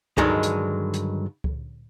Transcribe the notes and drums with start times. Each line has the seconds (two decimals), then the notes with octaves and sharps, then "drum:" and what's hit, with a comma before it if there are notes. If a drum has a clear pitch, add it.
0.18 G2 D3 D#3 F#3 G#3 D#4, drum: kick C#2
0.43 drum: hi-hat
0.94 drum: hi-hat
1.44 drum: kick C#2